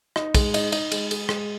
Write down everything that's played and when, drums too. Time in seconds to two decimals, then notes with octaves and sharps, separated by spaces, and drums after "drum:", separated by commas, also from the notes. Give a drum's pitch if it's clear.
0.16 D#4, drum: rim click
0.35 G#3, drum: kick, cymbal
0.54 D#4, drum: cymbal
0.72 D#4, drum: cymbal
0.92 G#3, drum: cymbal
1.11 G#4, drum: cymbal
1.29 G#3, drum: rim click